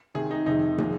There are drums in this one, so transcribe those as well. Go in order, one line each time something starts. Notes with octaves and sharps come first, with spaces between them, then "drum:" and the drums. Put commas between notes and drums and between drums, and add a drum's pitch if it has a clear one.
C3 D#3 G#3 G#4
D#4
F2 C3 D#3 G#3 D#4
A#2 F3 G#3, drum: tom